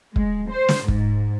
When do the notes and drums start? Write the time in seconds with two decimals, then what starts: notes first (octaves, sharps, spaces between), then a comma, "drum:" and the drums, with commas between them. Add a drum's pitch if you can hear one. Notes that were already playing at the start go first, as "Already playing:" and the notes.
0.16 G#3, drum: kick
0.50 C5
0.69 drum: snare
0.88 G#2, drum: kick